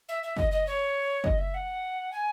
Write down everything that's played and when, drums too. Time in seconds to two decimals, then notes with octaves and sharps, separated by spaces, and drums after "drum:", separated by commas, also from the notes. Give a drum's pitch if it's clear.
0.09 E5
0.23 E5
0.37 D#5, drum: kick
0.51 D#5
0.67 C#5
1.24 D#5, drum: kick
1.38 E5
1.54 F#5
2.12 G#5